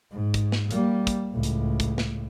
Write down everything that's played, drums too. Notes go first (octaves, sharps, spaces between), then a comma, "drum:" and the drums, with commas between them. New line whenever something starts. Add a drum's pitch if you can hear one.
G#2
drum: kick, hi-hat
drum: snare
G3 A#3, drum: hi-hat
drum: kick, hi-hat
C#2 A2
drum: hi-hat
drum: kick, hi-hat
drum: snare